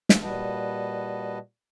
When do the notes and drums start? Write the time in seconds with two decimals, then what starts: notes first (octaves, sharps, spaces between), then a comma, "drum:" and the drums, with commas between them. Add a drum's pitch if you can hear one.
0.09 drum: snare
0.23 A#2 G3 F#4 B4 D#5 A5